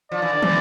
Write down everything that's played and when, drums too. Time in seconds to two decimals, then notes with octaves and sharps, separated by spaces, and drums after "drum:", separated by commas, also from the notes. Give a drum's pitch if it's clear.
0.12 F3 D5
0.22 E3
0.33 D3
0.43 C3 E3, drum: tom